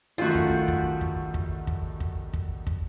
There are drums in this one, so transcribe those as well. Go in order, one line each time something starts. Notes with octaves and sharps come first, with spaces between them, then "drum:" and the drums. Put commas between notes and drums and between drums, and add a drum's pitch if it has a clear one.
F#2 D#3 G3 A3 F4 F#4
drum: kick
drum: kick
drum: kick
drum: kick
drum: kick
drum: kick
drum: kick
drum: kick